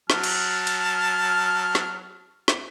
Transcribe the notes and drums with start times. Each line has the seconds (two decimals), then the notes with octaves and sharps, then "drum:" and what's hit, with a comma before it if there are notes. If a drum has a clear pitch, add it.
0.10 F#3 A5 F6, drum: snare
0.24 drum: cymbal
0.67 drum: cymbal
1.75 drum: snare
2.48 drum: snare